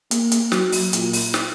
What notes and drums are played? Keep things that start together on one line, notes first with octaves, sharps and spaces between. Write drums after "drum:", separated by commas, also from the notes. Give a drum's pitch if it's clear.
A#3, drum: hi-hat
drum: hi-hat
F#3, drum: snare
drum: open hi-hat
A#2, drum: hi-hat
drum: open hi-hat
drum: snare